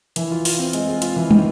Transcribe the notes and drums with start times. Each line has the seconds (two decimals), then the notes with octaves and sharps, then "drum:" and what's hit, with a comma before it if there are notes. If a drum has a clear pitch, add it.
0.16 E3, drum: hi-hat
0.31 F4
0.45 F4, drum: open hi-hat
0.59 C4
0.73 G#3, drum: hi-hat
0.87 G#3
1.02 F4, drum: hi-hat
1.16 E3
1.31 D#3, drum: tom